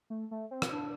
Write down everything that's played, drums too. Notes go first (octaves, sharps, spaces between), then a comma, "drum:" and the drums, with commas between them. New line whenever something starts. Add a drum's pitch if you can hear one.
A3
A3
C4
drum: rim click
D4